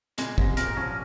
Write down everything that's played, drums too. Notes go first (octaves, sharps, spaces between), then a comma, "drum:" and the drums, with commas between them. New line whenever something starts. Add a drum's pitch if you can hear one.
A#2 C#3 G#3, drum: hi-hat
G#2 C3 G#3, drum: kick
A#2 C#3 A#4, drum: hi-hat
C#3 F3 C#4